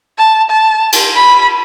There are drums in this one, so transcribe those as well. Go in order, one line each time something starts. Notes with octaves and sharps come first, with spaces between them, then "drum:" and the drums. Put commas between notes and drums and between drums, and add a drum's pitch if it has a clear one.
A5
A5
drum: cymbal
B5